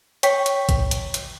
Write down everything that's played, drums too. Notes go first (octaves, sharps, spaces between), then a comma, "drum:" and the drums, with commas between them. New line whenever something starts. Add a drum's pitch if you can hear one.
C#5 G5 C#6 B6, drum: hi-hat
drum: hi-hat
drum: kick, hi-hat
drum: hi-hat
drum: hi-hat